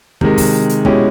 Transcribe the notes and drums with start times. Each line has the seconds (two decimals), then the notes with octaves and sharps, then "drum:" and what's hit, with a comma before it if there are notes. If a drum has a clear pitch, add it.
0.21 C3 D#3 G#3, drum: kick
0.38 drum: kick, open hi-hat
0.69 drum: hi-hat
0.85 B2 G#3 C#4 E4 G4, drum: kick